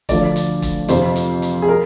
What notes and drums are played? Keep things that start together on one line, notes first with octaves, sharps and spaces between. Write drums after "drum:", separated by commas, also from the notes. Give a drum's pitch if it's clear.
D2 D3 F3 D5, drum: kick E1, hi-hat
drum: hi-hat
drum: kick E1, hi-hat
F2 C3 F3 C5, drum: hi-hat
drum: hi-hat
drum: hi-hat
G#4
A#4